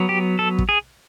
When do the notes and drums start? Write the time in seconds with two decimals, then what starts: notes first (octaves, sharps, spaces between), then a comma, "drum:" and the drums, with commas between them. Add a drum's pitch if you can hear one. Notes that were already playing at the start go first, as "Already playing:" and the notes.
Already playing: F#3 B3
0.09 G4
0.39 A4
0.58 drum: kick
0.69 G#4